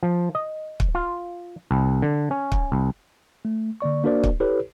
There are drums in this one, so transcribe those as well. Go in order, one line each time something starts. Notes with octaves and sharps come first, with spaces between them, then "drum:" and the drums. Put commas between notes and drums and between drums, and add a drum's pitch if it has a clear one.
F3
D#5
drum: kick
F4
C2
D3
C#4
drum: kick
C2
A3
D3 A#3 D5 C#6
A#3 D4 F#4 A#4 C5 D5
drum: kick
E4 G4 A4 B4 C#5